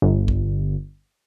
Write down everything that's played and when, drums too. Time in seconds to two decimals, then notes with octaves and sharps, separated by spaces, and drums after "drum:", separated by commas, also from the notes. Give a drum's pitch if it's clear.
0.02 G1
0.28 drum: kick A#1